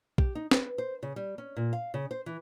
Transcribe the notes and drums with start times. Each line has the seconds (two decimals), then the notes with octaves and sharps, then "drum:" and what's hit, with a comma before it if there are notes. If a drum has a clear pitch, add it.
0.18 G4, drum: kick
0.35 D#4
0.51 B4, drum: snare
0.78 C5
1.03 C#3
1.16 G3
1.38 C#4
1.56 A#2
1.73 F5
1.94 C#3
2.11 C5
2.26 E3